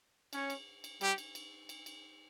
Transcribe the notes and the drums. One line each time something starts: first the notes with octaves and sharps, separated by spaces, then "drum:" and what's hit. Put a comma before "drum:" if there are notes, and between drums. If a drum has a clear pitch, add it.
C#4 C#5, drum: cymbal
drum: cymbal
drum: cymbal
G3 G4, drum: cymbal
drum: cymbal
drum: cymbal
drum: cymbal
drum: cymbal